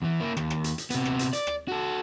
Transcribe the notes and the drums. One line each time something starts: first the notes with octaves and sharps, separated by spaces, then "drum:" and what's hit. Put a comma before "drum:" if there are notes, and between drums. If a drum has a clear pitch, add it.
E2 E3
A#3 E4
D#2, drum: rim click
drum: rim click
drum: hi-hat
drum: hi-hat
C3 B3, drum: hi-hat
drum: rim click
drum: hi-hat
D5, drum: hi-hat
drum: rim click
F#4 A4